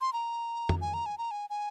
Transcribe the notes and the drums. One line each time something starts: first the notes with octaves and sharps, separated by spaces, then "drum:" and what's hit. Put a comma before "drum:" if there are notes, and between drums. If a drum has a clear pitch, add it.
C6
A#5
drum: tom F2
G#5
A#5
G#5
A#5
G#5
G#5